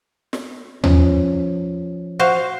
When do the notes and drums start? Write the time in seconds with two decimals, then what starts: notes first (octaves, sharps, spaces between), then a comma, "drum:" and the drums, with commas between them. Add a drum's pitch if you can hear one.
0.33 drum: snare
0.84 F3 C#4, drum: tom D#2
2.19 F#4 C5 F5